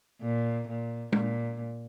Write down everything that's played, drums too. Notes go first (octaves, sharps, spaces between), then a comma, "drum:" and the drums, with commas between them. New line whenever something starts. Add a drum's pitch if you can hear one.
A#2
A#2
A#2, drum: tom